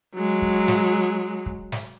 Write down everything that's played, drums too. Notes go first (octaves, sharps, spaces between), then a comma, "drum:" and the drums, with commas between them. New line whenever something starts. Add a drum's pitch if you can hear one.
F#3 G#3
drum: kick
drum: snare
drum: kick
drum: snare